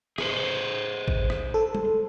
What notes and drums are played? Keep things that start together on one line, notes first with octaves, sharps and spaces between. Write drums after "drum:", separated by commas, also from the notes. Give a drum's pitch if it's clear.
G#4 B4 C5, drum: rim click
drum: kick
drum: rim click
A4
drum: tom